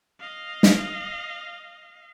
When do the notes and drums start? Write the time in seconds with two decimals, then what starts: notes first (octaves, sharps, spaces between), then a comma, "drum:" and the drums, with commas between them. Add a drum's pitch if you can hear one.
0.20 D#5 F5
0.63 drum: snare